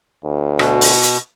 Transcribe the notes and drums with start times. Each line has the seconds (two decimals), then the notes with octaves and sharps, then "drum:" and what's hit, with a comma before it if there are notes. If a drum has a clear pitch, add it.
0.24 D2
0.59 B2, drum: rim click
0.81 drum: open hi-hat
1.03 drum: hi-hat